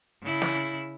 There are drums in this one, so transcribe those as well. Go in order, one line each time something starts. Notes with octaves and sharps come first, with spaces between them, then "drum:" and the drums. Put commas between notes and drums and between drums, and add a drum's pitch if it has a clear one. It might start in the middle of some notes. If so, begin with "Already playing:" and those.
C#3 E4
drum: snare